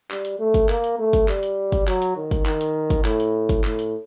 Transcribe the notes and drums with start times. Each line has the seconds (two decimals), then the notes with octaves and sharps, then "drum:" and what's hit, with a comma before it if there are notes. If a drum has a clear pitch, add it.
0.10 G3, drum: clap
0.25 drum: hi-hat
0.39 A3
0.54 drum: kick, hi-hat
0.69 A#3, drum: clap
0.84 drum: hi-hat
0.99 A3
1.13 drum: kick, hi-hat
1.28 G3, drum: clap
1.43 drum: hi-hat
1.72 drum: kick, hi-hat
1.87 F#3, drum: clap
2.02 drum: hi-hat
2.17 D#3
2.31 drum: kick, hi-hat
2.45 D#3, drum: clap
2.61 drum: hi-hat
2.90 drum: kick, hi-hat
3.05 A2, drum: clap
3.20 drum: hi-hat
3.49 drum: kick, hi-hat
3.64 A2, drum: clap
3.79 drum: hi-hat